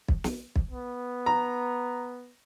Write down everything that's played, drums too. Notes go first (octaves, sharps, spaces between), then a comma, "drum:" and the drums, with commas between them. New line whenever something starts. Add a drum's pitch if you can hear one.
drum: kick
drum: snare
drum: kick
B3
A#5